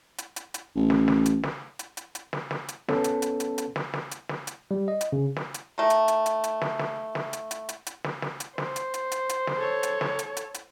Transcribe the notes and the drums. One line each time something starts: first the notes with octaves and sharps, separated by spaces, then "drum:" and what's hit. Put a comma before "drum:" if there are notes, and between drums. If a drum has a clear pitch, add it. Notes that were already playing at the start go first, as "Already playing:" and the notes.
drum: hi-hat
drum: hi-hat
drum: hi-hat
A1
drum: snare
drum: snare
drum: hi-hat
drum: snare
drum: hi-hat
drum: hi-hat
drum: hi-hat
drum: snare
drum: snare
drum: hi-hat
B3 C#4 A4 A5, drum: snare
drum: hi-hat
drum: hi-hat
drum: hi-hat
drum: hi-hat
drum: snare
drum: snare
drum: hi-hat
drum: snare
drum: hi-hat
G3
D#5
drum: hi-hat
C#3
drum: snare
drum: hi-hat
D#3 A3
drum: hi-hat
drum: hi-hat
drum: hi-hat
drum: hi-hat
drum: snare
drum: snare
drum: snare
drum: hi-hat
drum: hi-hat
drum: hi-hat
drum: hi-hat
drum: snare
drum: snare
drum: hi-hat
C5, drum: snare
drum: hi-hat
drum: hi-hat
drum: hi-hat
drum: hi-hat
drum: snare
A4 C#5
drum: hi-hat
drum: snare
drum: hi-hat
drum: hi-hat
drum: hi-hat